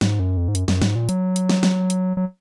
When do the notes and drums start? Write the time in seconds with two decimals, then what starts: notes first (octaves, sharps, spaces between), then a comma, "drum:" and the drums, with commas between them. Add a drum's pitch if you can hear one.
0.01 G#2, drum: snare
0.19 F#2
0.37 F2
0.48 G#2
0.55 F#2, drum: hi-hat
0.68 F#2, drum: snare
0.82 G#2, drum: snare
0.95 A#2
1.09 F#3, drum: hi-hat
1.36 drum: hi-hat
1.49 drum: snare
1.63 drum: snare
1.90 drum: hi-hat
2.17 F#3